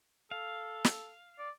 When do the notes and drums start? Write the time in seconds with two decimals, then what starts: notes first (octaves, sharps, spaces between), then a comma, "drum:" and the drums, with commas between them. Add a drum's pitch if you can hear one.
0.31 A4 F5
0.84 drum: snare
1.39 D5